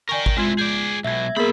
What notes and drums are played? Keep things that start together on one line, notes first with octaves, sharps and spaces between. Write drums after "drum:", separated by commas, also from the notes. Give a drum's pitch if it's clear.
A#4 D5 G5 G#5 C#6
drum: kick G#1
G#3 C4 E4 F4 C6
G#4 D5 G6
B1 B2 E5 G#6
B1 A#3 B3 G#4 A#4 B5